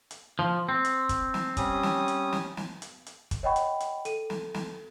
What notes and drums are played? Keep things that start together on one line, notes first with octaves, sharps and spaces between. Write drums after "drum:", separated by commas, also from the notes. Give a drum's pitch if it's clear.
drum: hi-hat
F3
C4
drum: hi-hat
drum: kick, hi-hat
drum: snare
G3 C#4 D#6, drum: kick, hi-hat
drum: snare
drum: hi-hat
drum: snare
drum: snare
drum: hi-hat
drum: hi-hat
drum: kick, hi-hat
C#5 D#5 F#5 G5 B5 C#6
drum: hi-hat
drum: hi-hat
A4 D#7, drum: hi-hat
drum: snare
drum: snare